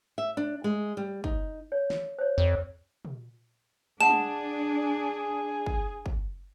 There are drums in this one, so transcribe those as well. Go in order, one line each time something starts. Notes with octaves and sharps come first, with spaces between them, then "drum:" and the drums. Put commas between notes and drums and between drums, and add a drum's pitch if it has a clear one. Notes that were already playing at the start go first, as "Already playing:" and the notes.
E5
D4
G#3
G3
D#4, drum: kick
C#5
drum: snare
C5 C#5
F2 C#5
drum: tom
D4 G#4 F#5 A5 E7
drum: tom
drum: kick
drum: kick